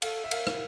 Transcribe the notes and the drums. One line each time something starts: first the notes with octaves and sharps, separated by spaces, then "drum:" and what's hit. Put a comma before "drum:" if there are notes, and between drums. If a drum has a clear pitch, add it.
A4 F5, drum: cymbal
E5
A#4 F5, drum: cymbal
drum: rim click